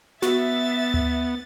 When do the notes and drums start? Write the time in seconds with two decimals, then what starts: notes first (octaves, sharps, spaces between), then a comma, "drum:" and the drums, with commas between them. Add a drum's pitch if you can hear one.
0.22 B3 F#4 E5 A6, drum: snare
0.94 drum: tom D2